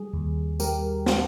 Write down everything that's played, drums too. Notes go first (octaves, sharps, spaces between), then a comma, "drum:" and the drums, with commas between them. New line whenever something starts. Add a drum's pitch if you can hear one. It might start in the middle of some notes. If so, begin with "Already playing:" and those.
Already playing: G3 G#4
D#2
G3 G4 A#4, drum: tambourine
drum: snare